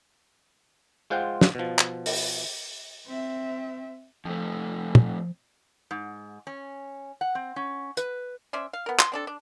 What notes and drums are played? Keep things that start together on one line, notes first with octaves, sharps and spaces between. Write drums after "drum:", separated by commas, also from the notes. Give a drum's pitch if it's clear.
G#3 F4 C5 F#5 G5
drum: snare
B2 F3
drum: clap
drum: open hi-hat
C4 E5
F2 F3 A3
drum: tom
G#2
C#4
F#5
C4
C#4
B4, drum: hi-hat
C#4 C5 D5 E5
F5
B3 A#4
C6, drum: clap
C4 D4 A4
D4